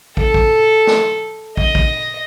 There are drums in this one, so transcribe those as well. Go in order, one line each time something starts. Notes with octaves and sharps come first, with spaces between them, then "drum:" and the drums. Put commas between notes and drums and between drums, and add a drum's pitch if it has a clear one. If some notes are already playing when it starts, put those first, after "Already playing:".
A4, drum: kick
drum: kick
drum: snare
D#5, drum: kick
drum: kick